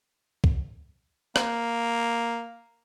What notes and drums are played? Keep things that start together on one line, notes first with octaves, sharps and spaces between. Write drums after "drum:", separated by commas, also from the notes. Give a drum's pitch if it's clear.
drum: kick C2
A#3, drum: rim click